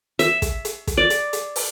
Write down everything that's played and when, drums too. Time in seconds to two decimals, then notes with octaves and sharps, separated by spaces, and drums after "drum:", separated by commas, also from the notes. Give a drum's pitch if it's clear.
0.19 E5, drum: hi-hat
0.42 drum: kick, hi-hat
0.65 drum: hi-hat
0.87 drum: kick, hi-hat
0.97 D5
1.10 drum: hi-hat
1.33 drum: hi-hat
1.56 drum: open hi-hat